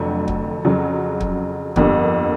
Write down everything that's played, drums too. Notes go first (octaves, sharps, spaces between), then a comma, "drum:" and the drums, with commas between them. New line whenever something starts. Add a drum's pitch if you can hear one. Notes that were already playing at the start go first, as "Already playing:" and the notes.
Already playing: F1 F2 D3 F#3 A3
drum: kick
F2 C#3 F#3
drum: kick
G1 F2 D3 G3 A#3, drum: kick